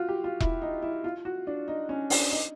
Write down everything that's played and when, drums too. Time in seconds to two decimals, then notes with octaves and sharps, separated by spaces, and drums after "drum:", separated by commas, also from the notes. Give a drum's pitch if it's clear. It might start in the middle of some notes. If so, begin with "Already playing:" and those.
Already playing: F4 F#4
0.09 G4
0.24 F4
0.40 E4, drum: kick E1
0.62 D#4
0.82 E4
1.04 F4
1.25 F#4
1.47 D4
1.68 D#4
1.89 C#4
2.10 D4, drum: open hi-hat
2.31 D#4